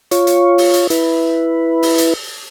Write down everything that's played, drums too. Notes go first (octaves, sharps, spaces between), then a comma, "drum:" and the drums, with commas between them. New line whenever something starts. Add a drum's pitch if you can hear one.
F4 C#5, drum: hi-hat
drum: hi-hat
drum: open hi-hat
drum: hi-hat
E4 B4, drum: hi-hat
drum: open hi-hat
drum: hi-hat